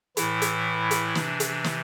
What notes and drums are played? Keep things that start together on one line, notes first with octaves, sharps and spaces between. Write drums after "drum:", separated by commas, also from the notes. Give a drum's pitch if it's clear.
A2 E3 E4, drum: hi-hat
drum: hi-hat
drum: hi-hat
C3 E3 D4, drum: snare
drum: hi-hat
drum: snare